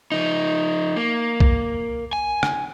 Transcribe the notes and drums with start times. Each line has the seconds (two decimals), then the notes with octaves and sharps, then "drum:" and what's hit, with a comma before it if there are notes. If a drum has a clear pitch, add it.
0.12 F3 D#4
0.97 A#3
1.40 drum: kick B1
2.13 G#5
2.43 drum: rim click